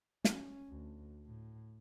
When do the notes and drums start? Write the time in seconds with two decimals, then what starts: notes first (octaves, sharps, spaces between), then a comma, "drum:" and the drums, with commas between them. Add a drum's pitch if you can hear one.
0.25 C#4, drum: snare
0.69 D2
1.24 A2